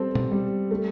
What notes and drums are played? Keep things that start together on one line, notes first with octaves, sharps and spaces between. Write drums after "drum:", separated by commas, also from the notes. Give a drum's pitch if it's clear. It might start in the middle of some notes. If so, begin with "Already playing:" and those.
Already playing: G3 C4 A4
drum: tom B2
G3
A3